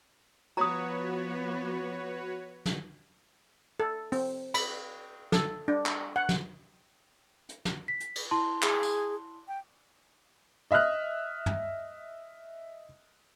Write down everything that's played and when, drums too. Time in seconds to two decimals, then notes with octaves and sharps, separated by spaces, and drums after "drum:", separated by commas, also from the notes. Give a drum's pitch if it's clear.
0.57 F3 B3 F#4 B4 C#5 A#5 D#6
2.66 drum: snare
3.80 A4
4.12 C4, drum: open hi-hat
4.54 B5, drum: cymbal
5.32 A4, drum: snare
5.68 D4
5.86 drum: clap
6.16 F#5
6.29 drum: snare
7.49 drum: hi-hat
7.65 drum: snare
7.88 B6
8.00 drum: hi-hat
8.16 drum: cymbal
8.31 E4 A5 C6
8.62 G#4, drum: clap
8.83 drum: tambourine
9.48 G5
10.71 D#5 E5 D#6 F6 F#6
11.46 drum: tom